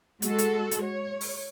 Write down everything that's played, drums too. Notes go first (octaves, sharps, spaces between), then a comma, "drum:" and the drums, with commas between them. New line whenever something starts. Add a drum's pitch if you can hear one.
G#3 F#4 A4, drum: hi-hat
drum: hi-hat
drum: hi-hat
C#5
drum: open hi-hat